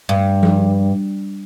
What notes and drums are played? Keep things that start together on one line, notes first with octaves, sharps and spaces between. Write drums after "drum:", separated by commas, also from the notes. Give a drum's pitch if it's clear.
G2
drum: tom F3